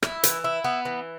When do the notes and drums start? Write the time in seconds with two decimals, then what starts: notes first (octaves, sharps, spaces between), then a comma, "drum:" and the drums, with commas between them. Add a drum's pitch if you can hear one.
0.03 E4, drum: rim click
0.23 E3, drum: hi-hat
0.44 E4
0.64 B3
0.85 E3